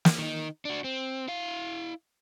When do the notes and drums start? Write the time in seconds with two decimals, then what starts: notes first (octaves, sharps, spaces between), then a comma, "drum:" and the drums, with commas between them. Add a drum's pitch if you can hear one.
0.05 drum: snare
0.18 D#3 D#4
0.65 D4 F#4
0.84 C4
1.28 E4 F5